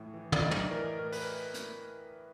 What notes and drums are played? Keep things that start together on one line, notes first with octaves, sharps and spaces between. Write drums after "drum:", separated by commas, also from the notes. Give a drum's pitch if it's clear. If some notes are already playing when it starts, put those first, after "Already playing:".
Already playing: A2 E3
E3
D5, drum: tom
A2 D#5
drum: tom
E3 A#4
A2 A#4
B4, drum: open hi-hat
drum: hi-hat